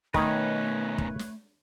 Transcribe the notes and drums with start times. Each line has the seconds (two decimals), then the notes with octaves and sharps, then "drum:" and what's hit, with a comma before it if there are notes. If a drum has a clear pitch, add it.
0.14 B2 D#3 A3 C#4 D#4 B4 C#5, drum: kick
0.98 drum: kick
1.19 drum: snare